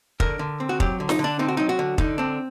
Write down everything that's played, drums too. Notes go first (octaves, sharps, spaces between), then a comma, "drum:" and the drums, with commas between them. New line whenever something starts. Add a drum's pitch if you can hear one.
D3 A#4, drum: kick
D3
C4
F#4
F#3 G4, drum: kick
D3
D#4, drum: snare
D3
D4
C4 D#4
F#4
F#3 D#4
F#4
D3
D3 D#4, drum: kick
C4 D4